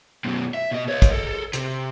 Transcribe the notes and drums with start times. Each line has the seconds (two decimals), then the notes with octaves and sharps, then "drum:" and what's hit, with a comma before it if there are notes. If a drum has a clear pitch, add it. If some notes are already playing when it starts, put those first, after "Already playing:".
0.25 F#2 B2
0.54 E5
0.71 B2 D#5
0.89 C#5 D#5
1.02 drum: kick, hi-hat
1.11 A4 A#4
1.53 C3, drum: hi-hat